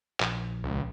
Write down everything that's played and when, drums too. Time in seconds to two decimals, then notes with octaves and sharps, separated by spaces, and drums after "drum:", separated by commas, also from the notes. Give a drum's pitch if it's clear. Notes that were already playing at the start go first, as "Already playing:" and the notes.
0.20 A#1, drum: clap
0.64 C#2